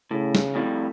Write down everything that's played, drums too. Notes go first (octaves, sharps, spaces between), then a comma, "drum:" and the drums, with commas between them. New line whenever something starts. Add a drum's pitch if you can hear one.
A2 C#3
drum: snare
F2 A2 G3